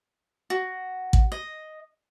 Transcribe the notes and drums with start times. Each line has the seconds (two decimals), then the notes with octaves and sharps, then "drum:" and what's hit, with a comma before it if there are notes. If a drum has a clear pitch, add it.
0.50 F#4
1.13 drum: kick
1.32 D#5